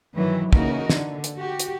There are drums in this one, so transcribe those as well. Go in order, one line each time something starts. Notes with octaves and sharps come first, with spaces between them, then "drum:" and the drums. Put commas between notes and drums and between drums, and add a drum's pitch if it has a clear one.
G2 D#3 E3 F#3
C#3 E3 A#3 D#4 F#4 A#4, drum: kick
D3, drum: snare
drum: hi-hat
F#4 G4
drum: hi-hat